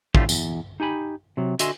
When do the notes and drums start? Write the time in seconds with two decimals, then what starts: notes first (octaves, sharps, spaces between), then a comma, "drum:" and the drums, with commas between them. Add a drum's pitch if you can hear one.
0.15 A2 D3 A3 F4 G4, drum: kick
0.29 E2, drum: tambourine
0.80 D#4 G4 G#5 B5
1.37 C3 F#3
1.59 D3 F#4 D#5 E5 G#5 C6, drum: hi-hat